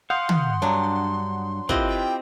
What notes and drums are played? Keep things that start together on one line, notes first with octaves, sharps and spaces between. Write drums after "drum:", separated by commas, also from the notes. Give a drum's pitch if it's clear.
F5 F#5 C6 D#6 G6
drum: tom
G2 F#3 D4
C4 E4 F4 G4 B4 D#5, drum: kick
G5